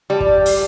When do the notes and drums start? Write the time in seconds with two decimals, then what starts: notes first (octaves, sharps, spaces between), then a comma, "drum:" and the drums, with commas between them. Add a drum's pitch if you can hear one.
0.10 G3
0.20 drum: kick
0.46 drum: open hi-hat